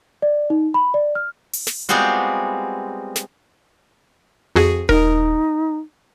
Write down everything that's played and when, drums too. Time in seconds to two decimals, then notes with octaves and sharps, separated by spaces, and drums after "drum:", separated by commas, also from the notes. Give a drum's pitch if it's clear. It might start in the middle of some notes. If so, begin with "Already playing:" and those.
0.22 D5
0.50 D#4
0.74 B5
0.94 D5
1.15 F6
1.53 drum: open hi-hat
1.67 drum: snare
1.89 G3 G#3 B3 C4 F4 F#4
3.16 drum: snare
4.56 F2 F#4 G#4
4.89 D#4 A#4, drum: kick D#1